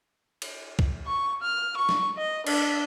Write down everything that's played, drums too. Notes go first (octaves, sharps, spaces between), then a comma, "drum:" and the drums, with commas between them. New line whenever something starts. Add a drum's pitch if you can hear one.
drum: cymbal
drum: kick
C#6
F6
C#6
drum: snare
D#5
D4, drum: cymbal